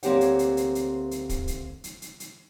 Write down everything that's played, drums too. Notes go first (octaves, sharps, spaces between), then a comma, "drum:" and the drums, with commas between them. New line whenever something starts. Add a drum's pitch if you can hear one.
D2 A#3 C4 G4 C#5 F#5, drum: hi-hat
drum: hi-hat
drum: hi-hat
drum: hi-hat
drum: hi-hat
drum: hi-hat
drum: kick, hi-hat
drum: hi-hat
drum: hi-hat
drum: hi-hat
drum: hi-hat